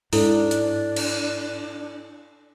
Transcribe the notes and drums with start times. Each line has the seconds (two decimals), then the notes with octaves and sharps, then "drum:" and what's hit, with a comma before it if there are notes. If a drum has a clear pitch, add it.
0.13 G#2 D4 E4 A4, drum: open hi-hat
0.51 drum: hi-hat
0.96 drum: cymbal